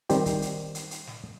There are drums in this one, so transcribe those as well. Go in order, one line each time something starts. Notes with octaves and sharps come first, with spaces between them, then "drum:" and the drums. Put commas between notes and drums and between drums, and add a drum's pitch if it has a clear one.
D#3 G3 C4 G4, drum: hi-hat
drum: kick, hi-hat
drum: hi-hat
drum: hi-hat
drum: hi-hat
drum: snare